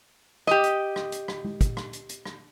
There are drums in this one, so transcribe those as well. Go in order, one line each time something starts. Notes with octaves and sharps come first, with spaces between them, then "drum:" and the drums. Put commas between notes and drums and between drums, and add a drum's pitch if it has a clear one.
G4 D#5, drum: rim click
drum: hi-hat
drum: rim click
drum: hi-hat
drum: rim click
drum: tom G#3
drum: kick, hi-hat
drum: rim click
drum: hi-hat
drum: hi-hat
drum: rim click